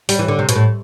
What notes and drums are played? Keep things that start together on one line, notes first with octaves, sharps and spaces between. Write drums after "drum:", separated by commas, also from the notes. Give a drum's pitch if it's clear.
G3, drum: open hi-hat
E3
D3
C3
B2, drum: hi-hat
A2